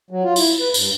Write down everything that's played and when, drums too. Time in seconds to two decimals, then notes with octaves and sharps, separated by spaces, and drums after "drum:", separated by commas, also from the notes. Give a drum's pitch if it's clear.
0.10 F#3
0.24 F4
0.36 E4, drum: tambourine
0.60 B4
0.74 G2, drum: tambourine